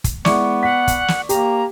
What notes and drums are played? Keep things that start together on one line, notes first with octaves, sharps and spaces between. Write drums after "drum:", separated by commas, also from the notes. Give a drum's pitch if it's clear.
drum: kick, hi-hat
G#3 B3 E4 D5 C#6 D6 C#7, drum: snare
F#5 B6
drum: kick, hi-hat
drum: snare
A#3 G4 A#5, drum: hi-hat